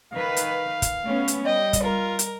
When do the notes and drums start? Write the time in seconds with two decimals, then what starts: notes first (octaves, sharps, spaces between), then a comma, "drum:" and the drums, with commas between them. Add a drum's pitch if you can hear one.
0.14 D#3 B4 F5
0.37 drum: hi-hat
0.82 drum: kick, hi-hat
1.04 A3 B3 C#4
1.28 drum: hi-hat
1.46 G3 D#5 G5
1.73 drum: kick, hi-hat
1.82 F4 A#4
2.19 drum: hi-hat